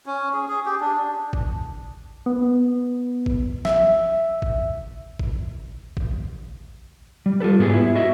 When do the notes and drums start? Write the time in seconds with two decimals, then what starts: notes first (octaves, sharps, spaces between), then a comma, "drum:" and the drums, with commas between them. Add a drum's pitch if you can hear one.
0.06 C#4
0.34 G#4
0.48 G#4
0.66 G4
0.80 D4
1.33 drum: kick G#1
2.26 B3
3.26 drum: kick G#1
3.65 E5, drum: snare
4.42 drum: kick G#1
5.19 drum: kick G#1
5.97 drum: kick G#1
7.26 G3
7.40 F4 G4 A4 B4
7.59 G#2 B3 G4 G#4
7.73 E4
7.95 F#4 D#5 E5